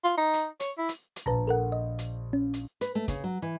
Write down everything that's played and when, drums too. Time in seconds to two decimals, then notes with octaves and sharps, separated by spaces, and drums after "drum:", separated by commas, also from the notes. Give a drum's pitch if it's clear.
0.04 F4
0.17 D#4
0.34 drum: hi-hat
0.60 C#5, drum: hi-hat
0.78 E4
0.89 drum: hi-hat
1.16 drum: hi-hat
1.26 A#1 B4 A5 A#5
1.47 A4 A#4 F#5
1.72 D#5
1.99 drum: hi-hat
2.33 C#4
2.54 drum: hi-hat
2.81 B4, drum: hi-hat
2.95 A3
3.08 C#3, drum: kick, hi-hat
3.24 F#3
3.42 E3